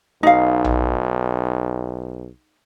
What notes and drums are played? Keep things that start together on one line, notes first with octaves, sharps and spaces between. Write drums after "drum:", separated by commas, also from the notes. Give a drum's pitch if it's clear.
B1 D#4 F5
drum: tom A#1